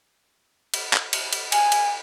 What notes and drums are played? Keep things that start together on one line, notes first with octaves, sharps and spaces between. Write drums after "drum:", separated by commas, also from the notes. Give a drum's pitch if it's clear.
drum: cymbal
drum: clap
drum: cymbal
drum: cymbal
G#5, drum: cymbal
drum: cymbal